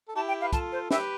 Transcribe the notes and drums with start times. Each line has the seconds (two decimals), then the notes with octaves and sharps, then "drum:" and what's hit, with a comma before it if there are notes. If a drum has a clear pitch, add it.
0.08 A4
0.16 E4 G4 A5
0.28 G5
0.41 B4 F5
0.53 F4 A4 A5, drum: kick, hi-hat
0.72 C5
0.91 G4 B4 E5, drum: snare